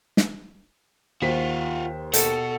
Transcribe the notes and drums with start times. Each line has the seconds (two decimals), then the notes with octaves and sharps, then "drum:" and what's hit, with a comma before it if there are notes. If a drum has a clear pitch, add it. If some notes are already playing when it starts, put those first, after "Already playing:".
0.17 drum: snare
1.22 D#2 F4 F#4 C5 B6
2.13 B2 F#4 A4, drum: hi-hat